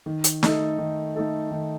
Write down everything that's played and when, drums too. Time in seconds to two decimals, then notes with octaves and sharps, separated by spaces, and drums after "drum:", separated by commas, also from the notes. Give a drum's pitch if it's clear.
0.06 D#3
0.24 drum: hi-hat
0.43 A3 D#4 A4, drum: snare
0.78 D#3
1.15 A3 D#4 A4
1.51 D#3